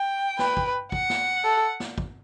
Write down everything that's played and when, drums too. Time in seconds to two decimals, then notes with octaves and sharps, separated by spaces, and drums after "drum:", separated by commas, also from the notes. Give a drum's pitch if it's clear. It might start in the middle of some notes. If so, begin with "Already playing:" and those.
Already playing: G5
0.39 B4, drum: snare
0.57 drum: kick
0.92 F#5, drum: kick
1.10 drum: snare
1.44 A4
1.80 drum: snare
1.98 drum: kick